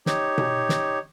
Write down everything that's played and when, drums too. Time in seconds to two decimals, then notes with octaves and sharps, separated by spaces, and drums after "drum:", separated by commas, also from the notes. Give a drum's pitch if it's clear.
0.06 D#4 G4 C#5, drum: snare
0.38 drum: tom B2
0.69 drum: snare